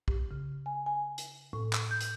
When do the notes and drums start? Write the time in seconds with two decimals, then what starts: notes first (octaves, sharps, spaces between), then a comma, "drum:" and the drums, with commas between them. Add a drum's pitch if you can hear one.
0.08 G4, drum: kick
0.31 C#3
0.66 G#5
0.86 G#5
1.18 drum: hi-hat
1.53 A2
1.73 drum: clap
1.91 G6
2.01 drum: hi-hat